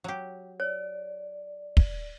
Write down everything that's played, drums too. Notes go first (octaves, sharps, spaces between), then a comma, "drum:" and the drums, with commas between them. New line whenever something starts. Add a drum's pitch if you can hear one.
F#3 G4
C#5 D5
drum: kick